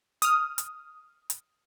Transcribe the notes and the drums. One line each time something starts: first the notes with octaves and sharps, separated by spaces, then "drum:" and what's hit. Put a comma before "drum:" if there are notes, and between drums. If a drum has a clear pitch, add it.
D#6 F6, drum: hi-hat
drum: hi-hat
drum: hi-hat